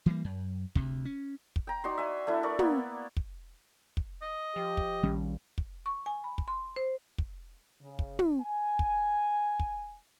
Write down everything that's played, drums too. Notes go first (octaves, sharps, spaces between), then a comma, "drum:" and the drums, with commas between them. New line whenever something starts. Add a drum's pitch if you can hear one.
E3 G3 G#3 A#3
F#2
D2 C3, drum: kick
C#4
drum: kick
G5 A#5
D#4 F#4 D5 C6
E5 G#5
A3 D4 E4
A#4 D5 C#6
A#3 B3, drum: tom
drum: kick
drum: kick
D#5
F3 G4
drum: kick
A#1 D#3 G3 C#4
drum: kick
C#6
G#5
B5
drum: kick
C6
C5
drum: kick
C#3
drum: kick
drum: tom
G#5
drum: kick
drum: kick